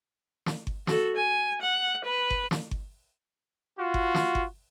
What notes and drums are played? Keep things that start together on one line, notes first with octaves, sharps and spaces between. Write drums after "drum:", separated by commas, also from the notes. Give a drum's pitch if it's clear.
drum: snare
drum: kick G1
F#4 A4, drum: snare
G#5
F#5
B4
drum: kick G1
drum: snare
drum: kick G1
F4 F#4
drum: kick G1
drum: snare
drum: kick G1